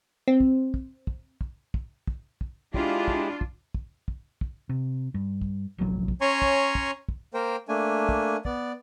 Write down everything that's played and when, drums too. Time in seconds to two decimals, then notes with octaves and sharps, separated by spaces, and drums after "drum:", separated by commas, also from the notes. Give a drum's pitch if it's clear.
0.28 C4
0.40 drum: kick
0.74 drum: kick
1.07 drum: kick
1.41 drum: kick
1.74 drum: kick
2.07 drum: kick
2.41 drum: kick
2.74 G#3 D4 E4 F4 G4, drum: kick
3.08 drum: kick
3.41 drum: kick
3.75 drum: kick
4.08 drum: kick
4.41 drum: kick
4.69 C3
5.14 G2
5.42 drum: kick
5.78 F1 A#1 F#3
6.08 drum: kick
6.21 C#4 C#5 G#5 A#5 C6 C#6
6.42 drum: kick
6.75 drum: kick
7.09 drum: kick
7.34 A#3 A#4 C5 G5
7.69 A3 A#3 D4 G#5
8.09 drum: kick
8.45 B3 D5, drum: kick